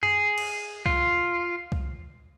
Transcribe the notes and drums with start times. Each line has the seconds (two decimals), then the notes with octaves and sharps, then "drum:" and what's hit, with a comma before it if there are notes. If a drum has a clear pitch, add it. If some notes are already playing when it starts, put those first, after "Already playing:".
0.03 G#4, drum: tom F#2
0.38 drum: cymbal
0.86 F4, drum: kick C2
1.72 drum: kick C2